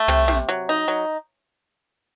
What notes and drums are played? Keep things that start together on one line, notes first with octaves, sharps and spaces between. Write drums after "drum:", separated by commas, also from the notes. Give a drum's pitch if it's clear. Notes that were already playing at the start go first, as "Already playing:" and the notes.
Already playing: A3
C3, drum: tom
C3, drum: snare
F#3
D#4
F#3